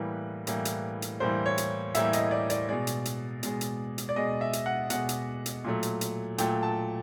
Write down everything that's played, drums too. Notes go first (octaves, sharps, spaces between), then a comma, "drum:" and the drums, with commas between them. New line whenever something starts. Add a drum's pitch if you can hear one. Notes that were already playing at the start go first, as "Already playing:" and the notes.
Already playing: A2 E3 G3 A#3 B4
A2 E3 G3 A#3, drum: hi-hat
drum: hi-hat
drum: hi-hat
A2 E3 G3 A#3 C5
C#5
drum: hi-hat
A2 E3 G3 A#3 E5, drum: hi-hat
D#5, drum: hi-hat
D5
D5, drum: hi-hat
B2 G#3 D5
drum: hi-hat
drum: hi-hat
B2 G#3, drum: hi-hat
drum: hi-hat
drum: hi-hat
D5
B2 G#3 D#5
E5
drum: hi-hat
F#5
B2 G#3 F#5, drum: hi-hat
drum: hi-hat
drum: hi-hat
A#2 F#3 A3
drum: hi-hat
drum: hi-hat
A#2 F#3 A3 G5, drum: hi-hat
A5